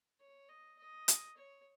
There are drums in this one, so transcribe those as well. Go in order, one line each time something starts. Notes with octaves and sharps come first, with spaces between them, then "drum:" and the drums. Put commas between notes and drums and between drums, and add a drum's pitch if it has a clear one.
C#5
D#5
D#5
drum: hi-hat
C#5